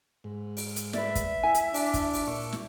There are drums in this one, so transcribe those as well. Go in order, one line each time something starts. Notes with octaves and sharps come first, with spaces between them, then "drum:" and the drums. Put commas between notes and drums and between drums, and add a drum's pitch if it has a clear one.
G#2
drum: open hi-hat
drum: hi-hat
B4 D5 E5, drum: snare
drum: kick, hi-hat
E4 G#5
drum: hi-hat
D4, drum: open hi-hat
drum: kick, hi-hat
drum: open hi-hat
A#2 E5 C#6
drum: snare